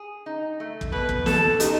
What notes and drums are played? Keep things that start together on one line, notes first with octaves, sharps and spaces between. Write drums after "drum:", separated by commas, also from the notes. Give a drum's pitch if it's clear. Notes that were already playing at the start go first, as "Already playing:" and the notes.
Already playing: G#4
D#4
A3
drum: kick
B2 B4
drum: kick
B2 A4, drum: snare
D#4, drum: hi-hat